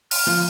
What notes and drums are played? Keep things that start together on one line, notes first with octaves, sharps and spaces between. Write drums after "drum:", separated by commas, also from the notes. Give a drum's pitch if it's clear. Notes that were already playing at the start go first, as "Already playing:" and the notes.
F6, drum: open hi-hat
F3